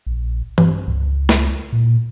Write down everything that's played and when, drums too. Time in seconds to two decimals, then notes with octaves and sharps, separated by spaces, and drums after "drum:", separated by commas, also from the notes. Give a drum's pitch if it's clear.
0.07 A#1
0.58 G2, drum: tom E3
0.88 C#2
1.29 drum: snare
1.73 A#2